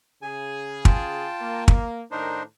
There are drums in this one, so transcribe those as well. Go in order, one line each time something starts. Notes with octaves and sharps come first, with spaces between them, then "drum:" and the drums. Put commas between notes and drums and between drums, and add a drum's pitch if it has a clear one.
C#3 G#4 G#5
F4 G5 A5, drum: kick
A#3
drum: kick
A2 D#3 D4 D#4 A#4 C5